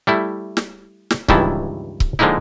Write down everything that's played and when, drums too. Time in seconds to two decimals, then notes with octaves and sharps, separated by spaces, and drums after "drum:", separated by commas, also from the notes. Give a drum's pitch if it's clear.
0.07 G3 A3 E4
0.57 drum: snare
1.11 drum: snare
1.28 C#2 G2 D#3 E3 E4 A5, drum: kick C#1
2.00 drum: kick C#1
2.19 D3 F3 G#3 A#3 D#4 E4